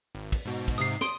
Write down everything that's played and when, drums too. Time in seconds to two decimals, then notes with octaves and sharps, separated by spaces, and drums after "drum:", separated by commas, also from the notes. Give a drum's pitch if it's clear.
0.15 G#1
0.32 drum: kick, cymbal
0.45 G#2 B2
0.68 drum: kick, cymbal
0.78 G#2 C3 D#6 C7
1.01 C6 D#6 D7 G7, drum: snare